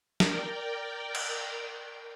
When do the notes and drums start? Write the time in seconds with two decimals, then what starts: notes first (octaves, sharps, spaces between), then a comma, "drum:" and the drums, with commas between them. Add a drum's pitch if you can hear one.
0.20 A#4 D5 G5, drum: snare
1.15 drum: cymbal